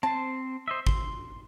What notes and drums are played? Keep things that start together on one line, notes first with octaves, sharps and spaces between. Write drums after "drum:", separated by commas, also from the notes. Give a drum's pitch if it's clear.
C4 C5 A5
C5 D#5 E5
C6, drum: kick G#1